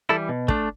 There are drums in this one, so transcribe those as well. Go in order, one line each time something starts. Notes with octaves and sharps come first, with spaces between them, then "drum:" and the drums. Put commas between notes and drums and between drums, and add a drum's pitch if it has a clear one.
E3 G3 E4 A4
B2
A3 D4, drum: kick